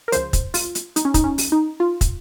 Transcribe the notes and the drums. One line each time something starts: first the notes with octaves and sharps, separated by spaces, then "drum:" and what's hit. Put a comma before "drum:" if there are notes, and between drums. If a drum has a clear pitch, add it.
A#4
C#2 C#3 F3 C5, drum: hi-hat
drum: kick, hi-hat
F4, drum: open hi-hat
drum: hi-hat
D#4, drum: hi-hat
C#4
D#4, drum: kick, hi-hat
C#4
drum: open hi-hat
D#4
F4
drum: kick, hi-hat